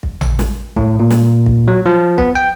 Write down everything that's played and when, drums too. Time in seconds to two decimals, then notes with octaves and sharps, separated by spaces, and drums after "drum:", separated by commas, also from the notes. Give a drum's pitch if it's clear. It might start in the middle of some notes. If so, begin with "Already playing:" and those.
0.03 drum: kick
0.21 drum: tom A1
0.39 drum: snare
0.76 A2, drum: kick
1.00 A#2
1.10 drum: snare
1.46 drum: kick
1.68 F#3
1.86 F3
2.18 B3, drum: kick
2.35 G5